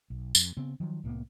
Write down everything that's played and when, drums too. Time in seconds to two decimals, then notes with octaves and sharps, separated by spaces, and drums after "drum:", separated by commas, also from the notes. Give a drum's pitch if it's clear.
0.10 B1
0.35 F2, drum: tambourine
0.57 C#3 B3 C4
0.80 D#3 F3 F#3
1.04 C2 A2 A#3 B3